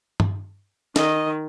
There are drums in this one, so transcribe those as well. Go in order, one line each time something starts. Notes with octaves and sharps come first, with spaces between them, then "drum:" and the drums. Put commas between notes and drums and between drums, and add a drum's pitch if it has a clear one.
drum: tom G2
D#3 D#5, drum: snare